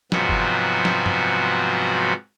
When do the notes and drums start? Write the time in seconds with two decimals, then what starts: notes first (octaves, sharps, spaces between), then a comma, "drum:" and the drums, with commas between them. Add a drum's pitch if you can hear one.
0.12 G#2 C3 F3 F#3 B3 F#4, drum: snare
0.29 drum: kick F#1
0.85 drum: snare
1.06 drum: tom